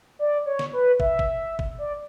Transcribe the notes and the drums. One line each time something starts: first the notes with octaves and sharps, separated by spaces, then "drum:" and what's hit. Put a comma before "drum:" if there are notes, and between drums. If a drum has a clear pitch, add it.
D5
C#5
drum: snare
B4
E5, drum: kick
drum: kick
drum: kick
D5